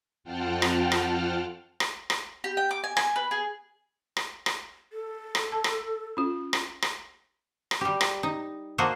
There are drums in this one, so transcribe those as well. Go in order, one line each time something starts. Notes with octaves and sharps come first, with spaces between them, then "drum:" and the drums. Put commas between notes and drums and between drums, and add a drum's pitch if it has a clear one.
F2 F4 F#5 G5 A5 F6
drum: rim click
drum: rim click
drum: rim click
drum: rim click
G4
G5
D6
G#5
G#5, drum: rim click
B4
G#4
drum: rim click
drum: rim click
A4
drum: rim click
A5
drum: rim click
C#4 F4
drum: rim click
drum: rim click
drum: rim click
G3 G4
drum: rim click
D#4
A#3 F#4 A4 C5 D5 D#5